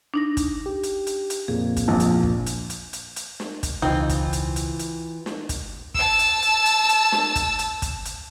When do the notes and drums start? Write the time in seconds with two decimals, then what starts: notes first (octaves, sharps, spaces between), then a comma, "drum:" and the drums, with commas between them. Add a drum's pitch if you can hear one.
0.14 D4 D#4 A#6
0.37 drum: kick, hi-hat
0.66 G4
0.83 drum: hi-hat
1.07 drum: hi-hat
1.30 drum: hi-hat
1.48 F2 A#2 A#3 G#4
1.77 drum: kick, hi-hat
1.88 A#1
2.00 drum: hi-hat
2.23 drum: kick
2.46 drum: hi-hat
2.70 drum: hi-hat
2.93 drum: hi-hat
3.16 drum: hi-hat
3.40 drum: snare
3.63 drum: kick, hi-hat
3.82 E1 C#2 E3 C4 D#4 F4
4.10 drum: kick, hi-hat
4.33 drum: hi-hat
4.56 drum: hi-hat
4.79 drum: hi-hat
5.26 drum: snare
5.49 drum: kick, hi-hat
5.95 A5 E6, drum: kick
6.19 drum: hi-hat
6.42 drum: hi-hat
6.66 drum: hi-hat
6.89 drum: hi-hat
7.12 drum: snare
7.36 drum: kick, hi-hat
7.59 drum: hi-hat
7.82 drum: kick, hi-hat
8.05 drum: hi-hat